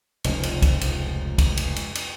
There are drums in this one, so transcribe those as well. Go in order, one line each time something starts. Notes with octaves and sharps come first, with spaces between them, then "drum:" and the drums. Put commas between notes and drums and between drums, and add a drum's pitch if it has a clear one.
F1 C#2 F3, drum: cymbal
drum: cymbal
drum: kick, cymbal
drum: cymbal
drum: kick, cymbal
drum: cymbal
drum: cymbal
drum: cymbal